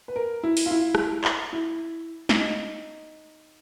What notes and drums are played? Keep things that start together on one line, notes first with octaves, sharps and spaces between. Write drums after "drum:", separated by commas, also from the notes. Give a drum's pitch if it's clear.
B4
A#4
E4
drum: open hi-hat
F4
E4
drum: rim click
drum: clap
E4
E4, drum: snare
D#4